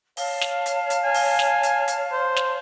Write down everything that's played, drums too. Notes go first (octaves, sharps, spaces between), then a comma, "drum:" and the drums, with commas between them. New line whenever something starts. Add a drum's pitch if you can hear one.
C#5 F5 A5, drum: open hi-hat
drum: snare
drum: hi-hat
drum: hi-hat
G#5
drum: open hi-hat
drum: snare
drum: hi-hat
drum: hi-hat
C5
drum: snare